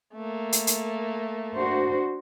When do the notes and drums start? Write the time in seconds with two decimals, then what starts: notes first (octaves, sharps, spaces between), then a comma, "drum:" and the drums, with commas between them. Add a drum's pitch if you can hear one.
0.14 A3 A#3
0.52 drum: hi-hat
0.67 drum: hi-hat
1.54 D4 F#4 C5